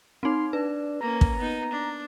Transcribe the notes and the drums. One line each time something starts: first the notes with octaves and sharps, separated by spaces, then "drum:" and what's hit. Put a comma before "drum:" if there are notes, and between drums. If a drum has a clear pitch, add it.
C4 D#4 C6
D4 B4
A#3 C#4 A#5
drum: kick
B3 D#4
D4